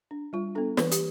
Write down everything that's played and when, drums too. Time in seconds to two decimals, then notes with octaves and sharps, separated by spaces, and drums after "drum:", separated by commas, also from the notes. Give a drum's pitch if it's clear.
0.11 D4
0.33 G3 F4
0.55 B3 D4 A4
0.77 E3 B4, drum: snare
0.91 G4, drum: hi-hat